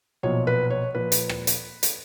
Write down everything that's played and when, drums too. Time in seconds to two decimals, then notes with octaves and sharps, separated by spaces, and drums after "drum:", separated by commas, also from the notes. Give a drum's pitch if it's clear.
0.23 B1 A#2 F3 C#5
0.47 B4
0.70 C#5
0.95 A#2 F3 B4
1.12 drum: hi-hat
1.29 drum: rim click
1.47 drum: hi-hat
1.83 drum: hi-hat